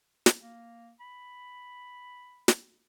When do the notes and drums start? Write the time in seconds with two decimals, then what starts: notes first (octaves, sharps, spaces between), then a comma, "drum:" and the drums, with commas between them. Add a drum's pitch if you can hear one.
0.26 drum: snare
0.38 A#3
1.00 B5
2.48 drum: snare